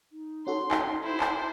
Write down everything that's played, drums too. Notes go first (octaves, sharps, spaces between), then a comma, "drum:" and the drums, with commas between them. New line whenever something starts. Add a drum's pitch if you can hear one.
D#4
C#4 F#4 A4 C6
drum: clap
E4 C5
drum: clap